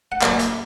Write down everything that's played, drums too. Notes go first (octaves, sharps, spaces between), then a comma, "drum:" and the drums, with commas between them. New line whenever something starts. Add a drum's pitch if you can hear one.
F#5
A#2 F#3 F5, drum: clap
E5, drum: hi-hat